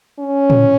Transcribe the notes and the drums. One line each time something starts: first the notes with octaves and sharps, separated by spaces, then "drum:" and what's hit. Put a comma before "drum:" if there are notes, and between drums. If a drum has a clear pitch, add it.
C#4
drum: tom A2